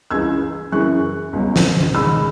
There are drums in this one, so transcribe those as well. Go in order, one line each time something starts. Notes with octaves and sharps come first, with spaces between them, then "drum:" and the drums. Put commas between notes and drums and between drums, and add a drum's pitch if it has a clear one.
C#2 C#3 E3 E6 G#6
F#2 C#3 E3 C#6 F#6
C#2 B2 F#3
drum: snare
drum: tom D#3
G#2 G#3 B5 E6